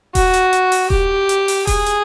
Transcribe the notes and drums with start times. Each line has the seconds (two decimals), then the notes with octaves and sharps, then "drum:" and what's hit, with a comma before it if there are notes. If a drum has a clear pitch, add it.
0.15 F#4, drum: kick D#1, open hi-hat
0.34 drum: hi-hat
0.53 drum: hi-hat
0.72 drum: open hi-hat
0.90 G4, drum: kick D#1
1.29 drum: hi-hat
1.48 drum: open hi-hat
1.67 G#4, drum: kick D#1, open hi-hat
1.86 drum: hi-hat